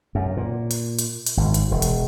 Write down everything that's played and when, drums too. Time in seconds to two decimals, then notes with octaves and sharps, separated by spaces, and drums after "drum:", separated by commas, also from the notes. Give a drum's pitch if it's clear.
0.15 F#2
0.37 A#2
0.71 drum: hi-hat
0.99 drum: hi-hat
1.26 drum: hi-hat
1.37 G#1
1.54 drum: hi-hat
1.71 E1
1.82 drum: hi-hat